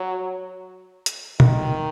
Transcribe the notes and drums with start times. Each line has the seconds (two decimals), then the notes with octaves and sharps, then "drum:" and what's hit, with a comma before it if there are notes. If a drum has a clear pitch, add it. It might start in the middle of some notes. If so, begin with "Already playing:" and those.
Already playing: F#3
1.06 drum: hi-hat
1.40 D#3, drum: tom